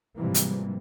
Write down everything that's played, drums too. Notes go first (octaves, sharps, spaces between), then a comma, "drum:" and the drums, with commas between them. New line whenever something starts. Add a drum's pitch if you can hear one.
G#2 C3 E3 F3 G3 A#3
drum: hi-hat